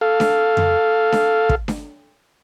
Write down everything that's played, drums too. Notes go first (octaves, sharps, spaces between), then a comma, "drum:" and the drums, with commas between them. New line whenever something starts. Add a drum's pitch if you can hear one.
A4 F5
drum: snare D4
drum: tom F2
drum: snare D4
drum: kick
drum: snare D4